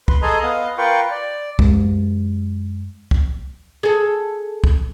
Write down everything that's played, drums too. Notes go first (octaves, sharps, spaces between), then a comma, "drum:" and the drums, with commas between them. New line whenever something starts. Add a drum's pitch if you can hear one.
B4 C6, drum: kick
G#4 A4 D#5 G#5 A#5 C6
B3 D#5 F5
F4 A#4 B4 F5 G5 C#6
D5
F#2 G#3, drum: kick
drum: kick
G#4 A4
drum: kick